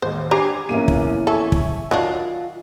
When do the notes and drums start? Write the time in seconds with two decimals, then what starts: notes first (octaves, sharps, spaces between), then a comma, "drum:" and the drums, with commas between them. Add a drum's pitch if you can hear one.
0.02 A1 D#2 G#3 C5
0.31 D4 G4 G#5 A#5 D6 C7
0.69 A#1 E2 E3 A#3 C#4 D#7
0.88 drum: kick
1.27 A4 E5 G#5 C#6
1.52 drum: kick
1.91 D#3 F#3 D4 F4 F5